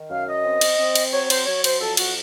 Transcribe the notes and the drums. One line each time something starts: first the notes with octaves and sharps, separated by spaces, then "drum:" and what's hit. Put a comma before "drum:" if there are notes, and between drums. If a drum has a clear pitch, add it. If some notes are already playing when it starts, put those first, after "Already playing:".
Already playing: D#3
F#2 F5
D#5
C4
drum: cymbal
C4
drum: cymbal
F#3 C#5
C5, drum: cymbal
F#3 C#5
C5, drum: cymbal
F2 A4
F#4, drum: cymbal